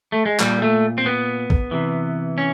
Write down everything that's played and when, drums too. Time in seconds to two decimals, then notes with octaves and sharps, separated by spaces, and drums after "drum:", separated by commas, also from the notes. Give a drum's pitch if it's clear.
0.12 A3
0.26 G#3
0.40 A#2 G3, drum: clap
0.62 A3
0.98 C4
1.06 B3
1.50 drum: kick
1.71 C3 E3
2.38 C#4